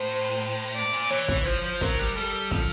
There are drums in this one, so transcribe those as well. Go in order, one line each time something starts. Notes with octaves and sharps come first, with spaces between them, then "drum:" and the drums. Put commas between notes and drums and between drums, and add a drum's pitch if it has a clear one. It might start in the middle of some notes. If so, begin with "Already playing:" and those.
Already playing: A2 C5
drum: hi-hat
D5
A#2
E3 C#5, drum: hi-hat
E3, drum: kick
F3 C5
F3
F#3 A#4, drum: kick, hi-hat
G3
G3 A4, drum: hi-hat
F3, drum: kick, hi-hat